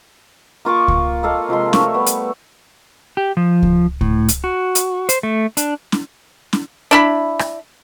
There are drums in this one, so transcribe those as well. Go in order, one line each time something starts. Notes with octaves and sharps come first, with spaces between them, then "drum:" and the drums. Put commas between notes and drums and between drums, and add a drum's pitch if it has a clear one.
A#3 F4 C#6 D6
drum: kick C#2
A#3 A4 D#5 F5
C3 F3 G#3 C6
A3 A#4 C#5 E5, drum: snare
G3 B3
drum: hi-hat
G4
F3
drum: kick C#2
A2, drum: kick C#2
drum: hi-hat
F#4
drum: hi-hat
C5, drum: hi-hat
A3
D4, drum: hi-hat
drum: snare
drum: snare
D4 E4 B5
drum: rim click